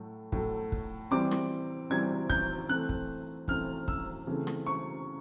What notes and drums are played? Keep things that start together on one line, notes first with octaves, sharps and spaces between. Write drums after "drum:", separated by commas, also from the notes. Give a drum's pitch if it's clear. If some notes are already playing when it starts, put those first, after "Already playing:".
Already playing: A2 F#3 A3
A2 F#3 A3, drum: kick
drum: kick
E3 G3 C4 D6
drum: rim click
E3 G3 C4 G#6
G6, drum: kick
E3 A3 C4 F#6
drum: kick
E3 A3 C4 F6, drum: kick
E6, drum: kick
C#3 E3 A3 C4
drum: rim click
C#6